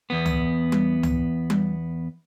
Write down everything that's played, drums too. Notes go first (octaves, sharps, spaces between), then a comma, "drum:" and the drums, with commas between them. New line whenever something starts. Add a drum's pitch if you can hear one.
E2 B3
drum: tom C#2
drum: tom G3
drum: tom C#2
drum: tom G3